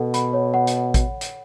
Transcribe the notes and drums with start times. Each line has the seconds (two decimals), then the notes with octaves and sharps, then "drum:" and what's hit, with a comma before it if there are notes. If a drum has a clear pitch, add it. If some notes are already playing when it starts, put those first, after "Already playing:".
Already playing: B2 A4 F#5
0.14 B5, drum: hi-hat
0.33 C#5
0.54 F#5
0.67 drum: hi-hat
0.94 drum: kick A1, hi-hat
1.21 drum: hi-hat